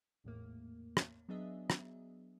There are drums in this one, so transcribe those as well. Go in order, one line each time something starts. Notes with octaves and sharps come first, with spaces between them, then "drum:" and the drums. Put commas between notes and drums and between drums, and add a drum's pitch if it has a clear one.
G#1 E2 A2 A#3
drum: rim click
F#3 B3 D4 G#4 D#5 E5
drum: rim click